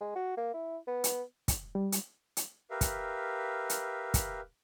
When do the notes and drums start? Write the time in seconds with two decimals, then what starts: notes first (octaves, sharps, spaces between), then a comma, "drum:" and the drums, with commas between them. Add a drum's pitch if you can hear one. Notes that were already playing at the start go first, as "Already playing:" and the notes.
0.01 G#3
0.16 F#4
0.37 A#3
0.54 E4
0.87 B3
1.04 drum: hi-hat
1.48 drum: kick, hi-hat
1.75 G3
1.92 drum: hi-hat
2.37 drum: hi-hat
2.71 G4 A#4 B4 E5 F5
2.81 drum: kick, hi-hat
3.70 drum: hi-hat
4.14 drum: kick, hi-hat